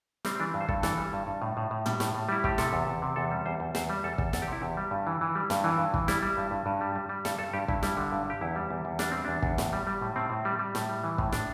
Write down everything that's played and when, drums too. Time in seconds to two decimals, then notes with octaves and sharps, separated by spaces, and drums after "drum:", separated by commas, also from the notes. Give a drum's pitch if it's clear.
0.25 G3 C4, drum: snare
0.35 C4
0.40 E3 D4
0.54 G2
0.61 C5
0.68 G2 A4, drum: kick
0.83 E3 A4, drum: snare
0.97 G3
1.13 G2
1.27 G2
1.42 A2
1.57 A2
1.71 A2
1.86 G3, drum: tom
2.00 A2, drum: snare
2.15 A2
2.29 G3 E4
2.44 A2 G4, drum: kick
2.58 C3 A4, drum: snare
2.73 E2
2.87 E2
3.02 C3
3.16 E2 A4
3.31 G3
3.46 E2 C5
3.60 E2
3.75 E2 C5, drum: snare
3.89 G3
4.04 E2 A4
4.18 E2, drum: kick
4.33 E2 A4, drum: snare
4.42 G4
4.48 C3 E4
4.61 E2 G4
4.77 G3
4.91 G2
5.07 E3
5.21 E3
5.35 G3
5.50 G2, drum: snare
5.64 E3
5.78 G2
5.94 E3, drum: kick
6.08 G3 E4, drum: snare
6.22 G3
6.37 G2
6.51 G2
6.66 G2
6.81 G3
6.95 G3
7.09 G3
7.25 G2 A4, drum: snare
7.38 G2 A4
7.53 G2 G4
7.68 G2 E4, drum: kick
7.83 G3 E4, drum: snare
7.97 D3
8.12 G2
8.26 G2 G4
8.41 E2 E4
8.56 G3
8.70 E2
8.85 E2
8.99 G3 D4, drum: snare
9.11 G3 C4
9.25 E2 D4
9.42 E2, drum: kick
9.58 A2, drum: snare
9.73 G3
9.87 G3
10.01 A2
10.16 A2 C4
10.30 A2
10.45 G3
10.59 G3
10.75 A2, drum: snare
10.89 G3
11.04 E3
11.18 A2, drum: kick
11.32 A2 D4, drum: snare